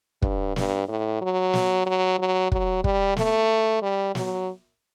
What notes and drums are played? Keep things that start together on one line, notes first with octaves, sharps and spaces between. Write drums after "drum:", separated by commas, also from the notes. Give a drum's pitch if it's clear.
G2, drum: kick
G2, drum: snare
A2
F#3
drum: snare
F#3
F#3
F#3, drum: kick
G3, drum: kick
A3, drum: snare
G3
F#3, drum: snare